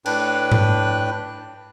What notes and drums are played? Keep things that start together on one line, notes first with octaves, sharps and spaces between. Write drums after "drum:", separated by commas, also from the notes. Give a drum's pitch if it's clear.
A2 D4 B4 G5 F#6, drum: cymbal
drum: tom G#2